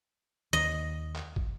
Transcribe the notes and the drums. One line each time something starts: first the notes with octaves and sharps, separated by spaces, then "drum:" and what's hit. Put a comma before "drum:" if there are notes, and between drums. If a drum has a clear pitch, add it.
D#2 D#5
drum: clap
drum: kick